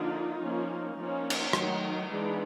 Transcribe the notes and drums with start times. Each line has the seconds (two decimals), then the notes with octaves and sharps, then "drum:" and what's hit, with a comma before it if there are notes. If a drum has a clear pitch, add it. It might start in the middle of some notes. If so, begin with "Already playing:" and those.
Already playing: D3 F3 A#3 D4 D#4 F4
0.40 F3 A#3 C#4
0.96 F3 A#3 C#4 D#4
1.30 drum: cymbal
1.53 D#3 F#3 A3, drum: rim click
2.09 E3 G#3 B3 D4